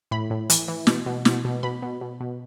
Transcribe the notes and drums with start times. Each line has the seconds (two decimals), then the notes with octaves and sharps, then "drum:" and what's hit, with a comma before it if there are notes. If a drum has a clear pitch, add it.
0.11 A2 B5
0.30 A2
0.50 E3, drum: hi-hat
0.68 E3
0.87 B2, drum: snare
1.06 B2
1.25 B2, drum: snare
1.45 B2
1.63 B2 B5
1.82 B2
2.01 B2
2.20 B2